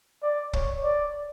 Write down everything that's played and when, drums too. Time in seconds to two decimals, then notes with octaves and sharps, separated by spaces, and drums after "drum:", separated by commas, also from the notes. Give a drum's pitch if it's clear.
0.23 D5
0.53 C#5, drum: kick
0.83 D5